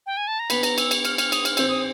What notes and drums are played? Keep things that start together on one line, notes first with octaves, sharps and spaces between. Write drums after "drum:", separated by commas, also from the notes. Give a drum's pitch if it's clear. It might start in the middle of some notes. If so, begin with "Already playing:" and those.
G5
G#5
A5
A#5
B3 B5, drum: cymbal
A#5, drum: cymbal
E6, drum: cymbal
drum: cymbal
F6, drum: cymbal
F6, drum: cymbal
D#6, drum: cymbal
F6, drum: cymbal
C4 E6, drum: cymbal
D#6